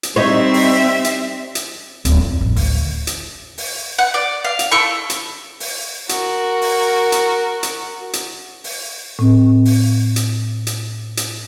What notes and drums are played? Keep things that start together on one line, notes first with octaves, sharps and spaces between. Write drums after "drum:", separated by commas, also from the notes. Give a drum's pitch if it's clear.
drum: hi-hat
G3 C4 D#4 C#5 E5
drum: open hi-hat
drum: hi-hat
drum: hi-hat
D1, drum: hi-hat
F2
A1
D2, drum: open hi-hat
drum: hi-hat
drum: open hi-hat
F#5
D5
F5
drum: hi-hat
E4 A4 C#6
drum: hi-hat
drum: open hi-hat
F#4 A#4, drum: hi-hat
drum: open hi-hat
drum: hi-hat
drum: hi-hat
drum: hi-hat
drum: open hi-hat
A2 C4
drum: open hi-hat
drum: hi-hat
drum: hi-hat
drum: hi-hat